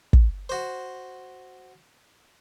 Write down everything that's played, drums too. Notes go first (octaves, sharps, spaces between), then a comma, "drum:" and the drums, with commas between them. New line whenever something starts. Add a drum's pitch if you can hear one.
drum: kick
F#4 C5